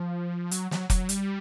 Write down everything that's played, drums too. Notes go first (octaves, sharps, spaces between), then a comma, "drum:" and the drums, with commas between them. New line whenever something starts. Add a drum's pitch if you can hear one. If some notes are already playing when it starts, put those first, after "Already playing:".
Already playing: F3
F#3, drum: hi-hat
F#3, drum: snare
F#3, drum: kick F1, hi-hat
G3, drum: hi-hat